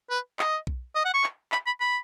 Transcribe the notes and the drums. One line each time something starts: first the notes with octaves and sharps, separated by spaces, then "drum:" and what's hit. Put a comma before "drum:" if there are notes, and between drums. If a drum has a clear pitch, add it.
B4
D#5, drum: clap
drum: kick B1
D#5
F#5
C#6
drum: clap
B5, drum: clap
B5
B5